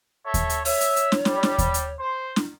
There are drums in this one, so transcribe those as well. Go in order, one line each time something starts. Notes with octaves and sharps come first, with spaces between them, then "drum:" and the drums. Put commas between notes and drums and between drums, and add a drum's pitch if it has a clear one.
A4 C#5 E5
drum: kick D#2, hi-hat
drum: hi-hat
C#5 E5, drum: open hi-hat
drum: hi-hat
drum: hi-hat
drum: snare
G3, drum: snare
drum: snare
drum: kick D#2, hi-hat
drum: hi-hat
C5
drum: snare